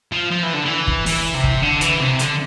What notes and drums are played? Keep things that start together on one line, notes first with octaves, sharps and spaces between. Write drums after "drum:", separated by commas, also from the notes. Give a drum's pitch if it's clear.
F3
F3
E3
D3
E3
drum: kick
E3, drum: open hi-hat
C3
drum: kick
D3
E3, drum: hi-hat
C3
D3, drum: hi-hat